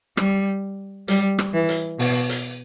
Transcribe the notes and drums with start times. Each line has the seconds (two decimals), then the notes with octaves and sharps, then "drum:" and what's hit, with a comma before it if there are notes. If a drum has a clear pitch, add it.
0.17 G3, drum: rim click
1.08 G3, drum: hi-hat
1.39 drum: rim click
1.53 E3
1.69 drum: hi-hat
1.99 B2, drum: open hi-hat
2.29 drum: hi-hat